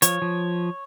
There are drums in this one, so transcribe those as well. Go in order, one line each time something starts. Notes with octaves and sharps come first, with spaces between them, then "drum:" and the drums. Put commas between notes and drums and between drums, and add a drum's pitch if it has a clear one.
F3 C#5, drum: hi-hat
F3